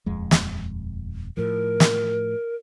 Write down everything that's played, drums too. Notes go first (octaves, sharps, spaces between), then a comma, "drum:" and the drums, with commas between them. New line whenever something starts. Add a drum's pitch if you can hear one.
D#1 F2 G#3
drum: snare
A2 F3 A#4
drum: snare